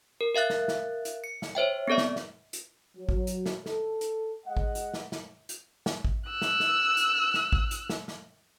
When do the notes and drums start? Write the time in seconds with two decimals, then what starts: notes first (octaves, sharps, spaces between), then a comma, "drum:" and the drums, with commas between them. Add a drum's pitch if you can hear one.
0.21 A#4
0.35 A#4 E5 F5 F#6 A6
0.50 drum: snare
0.68 drum: snare
1.05 drum: hi-hat
1.24 C#7
1.42 drum: snare
1.55 C5 C#5 E5 G5
1.88 B3 C4 A4 D5 E5
1.98 drum: snare
2.16 drum: snare
2.53 drum: hi-hat
2.97 F#3
3.09 drum: kick G#1
3.27 drum: hi-hat
3.46 drum: snare
3.66 A4, drum: snare
4.01 drum: hi-hat
4.47 G#3 D#5 F#5
4.57 drum: kick G#1
4.75 drum: hi-hat
4.94 drum: snare
5.12 drum: snare
5.49 drum: hi-hat
5.86 drum: snare
6.05 drum: kick G#1
6.30 E6 F#6
6.42 drum: snare
6.60 drum: snare
6.97 drum: hi-hat
7.34 drum: snare
7.53 drum: kick G#1
7.71 drum: hi-hat
7.89 drum: snare
8.08 drum: snare